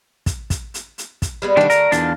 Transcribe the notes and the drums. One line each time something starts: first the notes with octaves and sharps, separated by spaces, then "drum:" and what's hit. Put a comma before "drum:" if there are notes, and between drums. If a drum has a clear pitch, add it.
drum: kick, hi-hat
drum: kick, hi-hat
drum: hi-hat
drum: hi-hat
drum: kick, hi-hat
G3 G#3 B3
D3 D#3 G3 A3 D4
A#4, drum: hi-hat
E2 D#3 D4 F4, drum: hi-hat